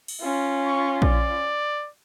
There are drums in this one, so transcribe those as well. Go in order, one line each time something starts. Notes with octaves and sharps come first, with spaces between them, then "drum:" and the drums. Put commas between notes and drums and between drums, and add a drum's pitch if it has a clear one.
drum: cymbal
C#4 F4
C#6
D5, drum: kick A#1